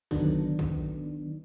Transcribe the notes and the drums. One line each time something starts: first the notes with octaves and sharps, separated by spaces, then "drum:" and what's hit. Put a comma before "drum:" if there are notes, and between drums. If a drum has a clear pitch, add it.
D3 D#3 F#3 B3 D4 D#4, drum: kick
drum: kick